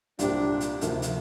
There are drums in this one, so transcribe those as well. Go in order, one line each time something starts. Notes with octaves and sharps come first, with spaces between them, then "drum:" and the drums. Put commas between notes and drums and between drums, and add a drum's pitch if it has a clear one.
C2 A#2 G3 C4 D4 G4, drum: hi-hat
drum: hi-hat
D2 C3 F3 A#3 D#4, drum: hi-hat
drum: hi-hat